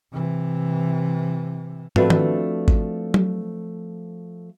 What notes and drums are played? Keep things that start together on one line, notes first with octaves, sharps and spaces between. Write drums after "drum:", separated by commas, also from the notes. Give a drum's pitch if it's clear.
C3 E3
F3 A3 C4 D4 F#4 B4, drum: tom
drum: tom D#3
drum: kick G#1
drum: tom F#3